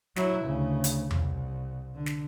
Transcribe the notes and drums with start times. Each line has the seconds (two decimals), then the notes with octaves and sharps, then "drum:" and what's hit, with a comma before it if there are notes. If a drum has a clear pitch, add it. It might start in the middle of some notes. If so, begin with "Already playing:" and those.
0.16 F#3 E4, drum: snare
0.45 D2 C#3
0.84 drum: hi-hat
1.11 C2, drum: tom E2
1.95 D3
2.06 drum: snare